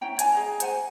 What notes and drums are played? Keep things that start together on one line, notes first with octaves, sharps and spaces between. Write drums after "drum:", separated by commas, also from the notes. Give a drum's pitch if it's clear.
C#4 E4 G5 A#5
C#5 G#5 A5, drum: hi-hat
G#4 D#5 A#5
C5 F#5 G#5, drum: hi-hat
G#5